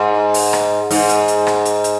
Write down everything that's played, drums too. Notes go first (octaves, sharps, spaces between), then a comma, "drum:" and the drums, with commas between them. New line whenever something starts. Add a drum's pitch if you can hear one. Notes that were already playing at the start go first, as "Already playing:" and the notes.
Already playing: G#2
drum: open hi-hat
drum: rim click
G#2, drum: open hi-hat
drum: hi-hat
drum: hi-hat
drum: rim click
drum: hi-hat
drum: hi-hat